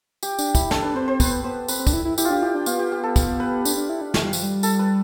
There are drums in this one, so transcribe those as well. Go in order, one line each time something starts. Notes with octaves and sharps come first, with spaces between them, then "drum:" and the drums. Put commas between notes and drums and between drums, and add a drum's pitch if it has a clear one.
G4, drum: tambourine
D4, drum: tambourine
E4, drum: kick, tambourine
D4 A4, drum: snare
D4 B4
C4 C5
C5
B3 B4, drum: kick, tambourine
B3 C5
C4 B4, drum: tambourine
C4
D4, drum: kick, tambourine
E4
E4
E4 G4, drum: tambourine
F4
D4 G4
E4 G4
D4
B3 F4, drum: tambourine
G4
G4
A4
drum: kick, tambourine
B4
D4, drum: tambourine
D4
E4
D4
A3, drum: snare
G3
F3, drum: tambourine
G3
A4, drum: tambourine
B4